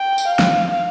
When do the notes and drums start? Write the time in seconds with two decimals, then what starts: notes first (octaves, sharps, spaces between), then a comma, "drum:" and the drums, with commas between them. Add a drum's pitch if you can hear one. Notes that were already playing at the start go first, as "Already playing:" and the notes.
Already playing: G5
0.18 drum: tambourine
0.28 F5
0.39 drum: snare